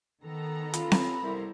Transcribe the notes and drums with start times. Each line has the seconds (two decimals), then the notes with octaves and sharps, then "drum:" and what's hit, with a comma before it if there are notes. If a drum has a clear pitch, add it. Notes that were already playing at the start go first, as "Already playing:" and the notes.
0.24 D#3 B3 A4 A#5
0.74 C#4 F4 B5, drum: hi-hat
0.92 drum: snare C4
1.22 C3 G3 E4 A#4 C5